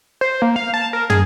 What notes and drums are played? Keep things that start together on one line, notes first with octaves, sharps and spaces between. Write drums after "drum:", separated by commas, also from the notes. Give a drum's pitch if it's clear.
C5
A#3
F5
A5
A#4
G#4, drum: tom